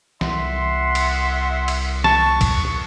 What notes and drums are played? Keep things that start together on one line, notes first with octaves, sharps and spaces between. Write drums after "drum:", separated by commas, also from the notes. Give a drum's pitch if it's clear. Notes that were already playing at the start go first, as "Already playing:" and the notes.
C2 E5 F#5 C6, drum: snare
drum: cymbal
drum: cymbal
A5 C#6, drum: snare
drum: kick, cymbal